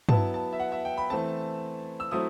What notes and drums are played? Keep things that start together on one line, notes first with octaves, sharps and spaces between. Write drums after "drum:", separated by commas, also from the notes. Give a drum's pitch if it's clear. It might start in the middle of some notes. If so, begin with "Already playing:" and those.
F#3 B3 E4 A5, drum: tom G2
A5
E5
F#5
E5
G5
B5
E3 A3 C4 A5
E6
F#3 A3 C4 E4 D#6